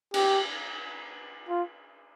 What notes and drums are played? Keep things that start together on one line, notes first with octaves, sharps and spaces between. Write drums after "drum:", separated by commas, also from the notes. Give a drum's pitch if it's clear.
G4, drum: cymbal
F4